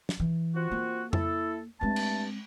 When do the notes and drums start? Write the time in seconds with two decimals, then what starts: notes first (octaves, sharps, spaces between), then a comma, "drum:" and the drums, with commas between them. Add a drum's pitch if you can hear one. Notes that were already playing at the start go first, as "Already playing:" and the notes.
0.09 drum: snare
0.20 E3
0.56 C4 F4 F#4
0.71 A#3
1.13 E4 A4, drum: tom F2
1.81 G2 G#3 A3 C4 A5
1.96 drum: cymbal